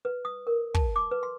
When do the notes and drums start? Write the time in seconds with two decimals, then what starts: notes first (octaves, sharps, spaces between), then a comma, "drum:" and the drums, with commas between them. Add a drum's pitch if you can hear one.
0.05 B4
0.25 D#6
0.47 A#4
0.74 A5, drum: kick
0.96 D6
1.11 B4
1.23 C6